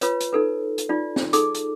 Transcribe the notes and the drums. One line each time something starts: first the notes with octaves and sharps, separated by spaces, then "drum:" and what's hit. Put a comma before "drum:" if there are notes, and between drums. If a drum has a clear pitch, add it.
F4 B4 C#5, drum: hi-hat
drum: hi-hat
D#4 A4 B4
drum: hi-hat
D#4 F4 D5
drum: snare
D#4 G#4 A4 D6, drum: hi-hat
drum: hi-hat